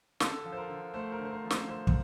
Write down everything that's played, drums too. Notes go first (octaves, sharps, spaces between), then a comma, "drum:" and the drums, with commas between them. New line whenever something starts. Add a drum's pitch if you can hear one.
D3 A4, drum: snare
F3
C5
A#4
D3
A3 C5
A#4
D3
C5
A#4
F3
C5, drum: snare
D3 C5
drum: kick